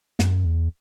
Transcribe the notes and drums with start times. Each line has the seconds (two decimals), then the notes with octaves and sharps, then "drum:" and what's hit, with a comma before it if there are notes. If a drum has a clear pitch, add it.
0.19 F#2, drum: snare
0.45 E2